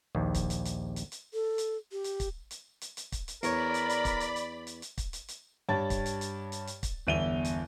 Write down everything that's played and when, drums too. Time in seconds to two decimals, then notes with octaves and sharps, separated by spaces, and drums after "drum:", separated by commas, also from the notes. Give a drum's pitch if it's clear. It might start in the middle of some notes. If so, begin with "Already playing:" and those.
0.15 A#1 D#2
0.34 drum: kick, hi-hat
0.50 drum: hi-hat
0.65 drum: hi-hat
0.96 drum: hi-hat
1.12 drum: hi-hat
1.34 A4
1.58 drum: hi-hat
1.92 G4
2.04 drum: hi-hat
2.20 drum: kick, hi-hat
2.51 drum: hi-hat
2.81 drum: hi-hat
2.97 drum: hi-hat
3.12 drum: kick, hi-hat
3.28 drum: hi-hat
3.43 E2 A#4 C#5 D5 B5, drum: hi-hat
3.74 drum: hi-hat
3.90 drum: hi-hat
4.05 drum: kick, hi-hat
4.20 drum: hi-hat
4.36 drum: hi-hat
4.67 drum: hi-hat
4.82 drum: hi-hat
4.98 drum: kick, hi-hat
5.13 drum: hi-hat
5.28 drum: hi-hat
5.69 G2 C#5 A5 A6
5.90 drum: kick, hi-hat
6.06 drum: hi-hat
6.21 drum: hi-hat
6.52 drum: hi-hat
6.67 drum: hi-hat
6.83 drum: kick, hi-hat
7.07 G1 E2 E5 D#7 F7 G7
7.45 drum: hi-hat